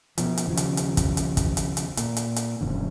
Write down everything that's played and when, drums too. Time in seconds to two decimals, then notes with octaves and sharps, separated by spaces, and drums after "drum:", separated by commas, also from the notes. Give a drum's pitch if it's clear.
0.18 B2 F3, drum: hi-hat
0.37 drum: hi-hat
0.48 D#2 C#3 F3
0.57 drum: hi-hat
0.77 drum: hi-hat
0.97 drum: kick, hi-hat
1.17 drum: hi-hat
1.37 drum: kick, hi-hat
1.57 drum: hi-hat
1.77 drum: hi-hat
1.97 A#2, drum: hi-hat
2.17 drum: hi-hat
2.36 drum: hi-hat
2.61 D#1 F#2 D3